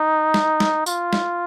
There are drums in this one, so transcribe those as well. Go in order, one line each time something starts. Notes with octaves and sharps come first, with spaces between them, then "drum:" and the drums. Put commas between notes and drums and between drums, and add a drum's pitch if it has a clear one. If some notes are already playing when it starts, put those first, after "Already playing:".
Already playing: D#4
drum: snare
drum: snare
F4, drum: tambourine
drum: snare